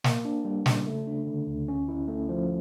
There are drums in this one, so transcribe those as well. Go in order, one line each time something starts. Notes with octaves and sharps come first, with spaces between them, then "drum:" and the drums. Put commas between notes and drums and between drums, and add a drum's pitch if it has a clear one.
A#3, drum: snare
D4
G3
C#3, drum: snare
A3
D4
D3
D2
C#4
E4
A3
F3